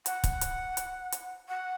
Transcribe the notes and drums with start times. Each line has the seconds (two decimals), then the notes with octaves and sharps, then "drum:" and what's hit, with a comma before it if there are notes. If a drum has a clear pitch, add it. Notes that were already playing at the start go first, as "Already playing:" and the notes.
0.06 F#5, drum: hi-hat
0.24 drum: kick, hi-hat
0.41 drum: hi-hat
0.77 drum: hi-hat
1.12 drum: hi-hat
1.48 F#5